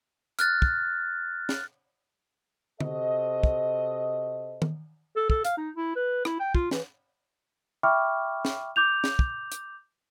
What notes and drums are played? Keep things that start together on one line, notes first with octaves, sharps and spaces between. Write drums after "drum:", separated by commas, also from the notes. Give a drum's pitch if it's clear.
F6 F#6 A6, drum: hi-hat
drum: kick
drum: snare
C3 F#4 A4 C5 D#5, drum: tom D3
drum: kick
drum: tom D#3
A4
A4, drum: kick
F5, drum: hi-hat
D#4
E4
B4
E4, drum: rim click
G5
F4, drum: kick
E3, drum: snare
E5 G5 B5 C#6 D6 F6
drum: snare
D6 G6 F7
drum: snare
drum: kick
drum: hi-hat